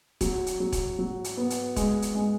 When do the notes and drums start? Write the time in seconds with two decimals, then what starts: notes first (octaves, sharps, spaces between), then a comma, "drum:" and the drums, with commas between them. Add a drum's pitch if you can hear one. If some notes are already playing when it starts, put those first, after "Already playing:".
0.21 F#3, drum: kick E1, hi-hat
0.47 drum: hi-hat
0.60 F#3
0.72 drum: kick E1, hi-hat
0.99 F#3
1.24 drum: hi-hat
1.37 B3
1.50 drum: hi-hat
1.76 G#3, drum: kick E1, hi-hat
2.02 drum: hi-hat
2.15 G#3